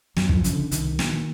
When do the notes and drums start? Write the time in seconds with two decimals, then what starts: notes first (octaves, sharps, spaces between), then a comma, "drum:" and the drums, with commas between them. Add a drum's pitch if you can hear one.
0.16 F#2 F#3, drum: snare
0.29 E3, drum: kick
0.35 F3
0.44 C#3, drum: hi-hat
0.53 D3
0.71 C2 D#3, drum: hi-hat
0.99 A#2, drum: snare